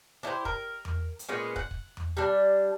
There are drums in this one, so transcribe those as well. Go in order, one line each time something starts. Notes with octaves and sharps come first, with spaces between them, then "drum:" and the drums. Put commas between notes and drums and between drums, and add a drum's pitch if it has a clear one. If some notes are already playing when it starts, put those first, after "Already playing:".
D4 E4 G4 C5
A#4, drum: kick
drum: tom E2
drum: hi-hat
A#2 G#3 B3 C#4
F#5, drum: kick
drum: kick
drum: tom E2
G3 D4